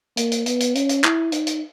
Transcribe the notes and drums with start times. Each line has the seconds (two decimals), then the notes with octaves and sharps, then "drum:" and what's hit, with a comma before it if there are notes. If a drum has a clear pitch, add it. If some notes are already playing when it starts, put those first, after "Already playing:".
0.17 A#3, drum: hi-hat
0.32 drum: hi-hat
0.46 B3, drum: hi-hat
0.60 drum: hi-hat
0.75 C#4, drum: hi-hat
0.89 drum: hi-hat
1.04 E4, drum: clap
1.32 D#4, drum: hi-hat
1.47 drum: hi-hat